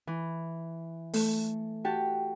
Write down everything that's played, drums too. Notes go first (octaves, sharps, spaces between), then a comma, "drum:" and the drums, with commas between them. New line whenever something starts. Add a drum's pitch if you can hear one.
E3
A3, drum: open hi-hat
F#4 G4 A5